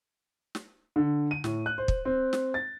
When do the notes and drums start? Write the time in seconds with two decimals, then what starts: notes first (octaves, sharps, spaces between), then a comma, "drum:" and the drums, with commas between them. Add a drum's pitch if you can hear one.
0.55 drum: snare
0.96 D3
1.31 D#7
1.44 A2, drum: snare
1.66 F#6
1.78 C5
1.88 drum: kick
2.05 C4
2.33 drum: snare
2.54 A6